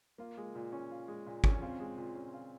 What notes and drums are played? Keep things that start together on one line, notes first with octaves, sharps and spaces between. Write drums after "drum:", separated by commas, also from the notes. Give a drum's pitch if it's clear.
A#3 F4
G#3
A#2
C#4
F4
G#3
A#2
C#4, drum: kick
C4 F4
G#3
A#2
C#4
F4